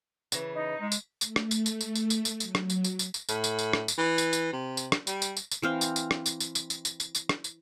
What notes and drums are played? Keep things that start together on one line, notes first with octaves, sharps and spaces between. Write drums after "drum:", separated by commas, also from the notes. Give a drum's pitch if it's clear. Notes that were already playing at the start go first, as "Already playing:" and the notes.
C#3 E3, drum: tambourine
D#4
G#3
drum: tambourine
A3, drum: tambourine
drum: rim click
drum: tambourine
drum: tambourine
drum: tambourine
drum: tambourine
drum: tambourine
drum: tambourine
F#3, drum: tambourine
drum: rim click
drum: tambourine
drum: tambourine
drum: tambourine
drum: tambourine
A2, drum: tambourine
drum: tambourine
drum: tambourine
drum: rim click
drum: tambourine
E3
drum: tambourine
drum: tambourine
C3
drum: tambourine
drum: rim click
G3, drum: tambourine
drum: tambourine
drum: tambourine
drum: tambourine
E3 C4 F5
drum: tambourine
drum: tambourine
drum: rim click
drum: tambourine
drum: tambourine
drum: tambourine
drum: tambourine
drum: tambourine
drum: tambourine
drum: tambourine
drum: rim click
drum: tambourine